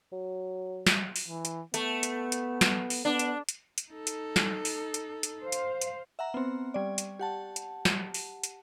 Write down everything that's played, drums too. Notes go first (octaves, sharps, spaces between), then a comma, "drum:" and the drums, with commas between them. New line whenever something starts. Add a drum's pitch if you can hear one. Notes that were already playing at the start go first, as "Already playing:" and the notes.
F#3
drum: snare
drum: open hi-hat
E3
drum: hi-hat
A3 B3, drum: hi-hat
drum: hi-hat
drum: hi-hat
drum: snare
drum: open hi-hat
B3 D4
drum: hi-hat
drum: hi-hat
drum: hi-hat
D#4 A4
drum: hi-hat
drum: snare
drum: open hi-hat
drum: hi-hat
drum: hi-hat
C5 F5
drum: hi-hat
drum: hi-hat
E5 F#5 A#5
B3 C4
G3 D5
drum: hi-hat
G4 F#5 A5
drum: hi-hat
drum: snare
drum: open hi-hat
drum: hi-hat